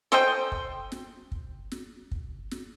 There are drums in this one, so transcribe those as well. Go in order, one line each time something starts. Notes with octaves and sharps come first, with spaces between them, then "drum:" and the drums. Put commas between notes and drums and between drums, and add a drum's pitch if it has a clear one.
A4 C5 D#5 G5, drum: snare
drum: kick
drum: snare
drum: kick
drum: snare
drum: kick
drum: snare